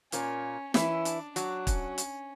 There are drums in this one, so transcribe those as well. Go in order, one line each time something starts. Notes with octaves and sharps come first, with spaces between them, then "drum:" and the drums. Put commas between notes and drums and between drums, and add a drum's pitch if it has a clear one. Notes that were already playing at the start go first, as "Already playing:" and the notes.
A#2 A#3 C#4, drum: hi-hat
E3 C#4 E4, drum: snare
D4, drum: hi-hat
F#3 D4 F#4, drum: hi-hat
C#4, drum: kick, hi-hat
drum: hi-hat